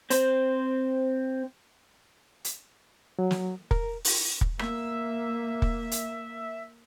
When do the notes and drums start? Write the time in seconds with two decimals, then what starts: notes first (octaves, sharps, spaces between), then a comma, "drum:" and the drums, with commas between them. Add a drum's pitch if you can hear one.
0.10 C4 C5, drum: hi-hat
2.44 drum: hi-hat
3.19 F#3
3.31 drum: snare
3.71 A#4, drum: kick
4.05 drum: open hi-hat
4.41 drum: kick
4.59 A#3 E5, drum: rim click
5.62 drum: kick
5.91 drum: hi-hat